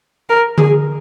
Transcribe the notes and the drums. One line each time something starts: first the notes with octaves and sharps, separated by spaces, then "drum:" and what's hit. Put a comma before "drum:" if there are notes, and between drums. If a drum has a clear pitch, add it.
A#4
G#4, drum: tom D3